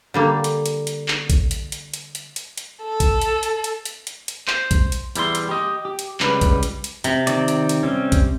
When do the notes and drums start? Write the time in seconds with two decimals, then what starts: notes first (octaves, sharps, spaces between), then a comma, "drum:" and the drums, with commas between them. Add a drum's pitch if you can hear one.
0.14 D3 G3 A#3
0.44 drum: hi-hat
0.66 drum: hi-hat
0.87 drum: hi-hat
1.08 drum: clap
1.30 drum: kick, hi-hat
1.51 drum: hi-hat
1.72 drum: hi-hat
1.94 drum: hi-hat
2.15 drum: hi-hat
2.36 drum: hi-hat
2.58 drum: hi-hat
2.84 A4
3.00 drum: kick, hi-hat
3.21 drum: hi-hat
3.43 drum: hi-hat
3.64 drum: hi-hat
3.85 drum: hi-hat
4.07 drum: hi-hat
4.28 drum: hi-hat
4.48 C5, drum: clap
4.71 drum: kick, hi-hat
4.92 drum: hi-hat
5.15 E2 G3 E4 G#4 C6, drum: hi-hat
5.35 drum: hi-hat
5.49 G4 D#5
5.85 G4
5.99 drum: hi-hat
6.20 C#2 G3 B4, drum: clap
6.41 drum: kick, hi-hat
6.63 drum: hi-hat
6.84 drum: hi-hat
7.04 C3, drum: hi-hat
7.27 D#3 C4 D5, drum: hi-hat
7.48 drum: hi-hat
7.69 drum: hi-hat
7.83 G3 C4 C#4
8.12 drum: kick, hi-hat